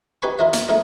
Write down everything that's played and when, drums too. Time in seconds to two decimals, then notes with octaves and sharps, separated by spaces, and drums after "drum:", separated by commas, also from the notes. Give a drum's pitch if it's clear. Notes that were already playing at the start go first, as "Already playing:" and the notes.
0.22 D#4 G4 B4 G#5 B5 C#6
0.39 E4 F4 A#4 D#5 E5
0.53 A#3, drum: hi-hat
0.68 A3 D#4 E4 A#4 D#5